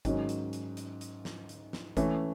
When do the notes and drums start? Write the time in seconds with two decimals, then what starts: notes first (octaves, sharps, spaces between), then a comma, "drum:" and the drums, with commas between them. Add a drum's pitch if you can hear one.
0.05 G#2 D#3 F#3 C#4, drum: kick G#1, hi-hat
0.29 drum: hi-hat
0.53 drum: hi-hat
0.77 drum: hi-hat
1.01 drum: hi-hat
1.25 drum: snare
1.49 drum: hi-hat
1.73 drum: snare
1.97 E3 A3 C#4, drum: kick G#1, hi-hat